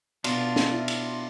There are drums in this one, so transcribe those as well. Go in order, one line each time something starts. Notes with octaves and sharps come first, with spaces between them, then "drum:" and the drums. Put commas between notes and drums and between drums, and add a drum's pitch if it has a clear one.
B2 D4 F4, drum: cymbal
drum: snare
E4
drum: cymbal